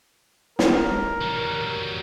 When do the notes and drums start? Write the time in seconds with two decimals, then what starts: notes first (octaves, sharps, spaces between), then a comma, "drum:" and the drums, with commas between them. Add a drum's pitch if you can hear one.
0.59 A#4, drum: snare
1.22 F#3 G3